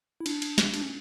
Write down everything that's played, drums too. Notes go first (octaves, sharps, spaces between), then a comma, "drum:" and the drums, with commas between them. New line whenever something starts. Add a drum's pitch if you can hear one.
E4
D4, drum: cymbal
drum: cymbal
drum: snare
D4, drum: cymbal
C#4